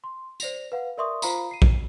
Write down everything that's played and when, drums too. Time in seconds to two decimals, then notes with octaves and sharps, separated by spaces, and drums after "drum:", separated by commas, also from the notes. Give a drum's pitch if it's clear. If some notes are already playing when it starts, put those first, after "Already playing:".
0.04 C6
0.40 C5 D5 A#6 F7, drum: tambourine
0.72 B4 F5 F#5
0.98 A#4 D5 E5 C6 C#6 D#6
1.22 F4 C5 F5 A#5 B5, drum: tambourine
1.51 C7 D#7
1.62 drum: kick A#1